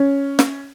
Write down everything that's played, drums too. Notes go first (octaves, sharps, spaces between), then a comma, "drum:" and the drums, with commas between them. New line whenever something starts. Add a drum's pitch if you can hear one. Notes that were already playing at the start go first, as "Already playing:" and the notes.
Already playing: C#4
drum: snare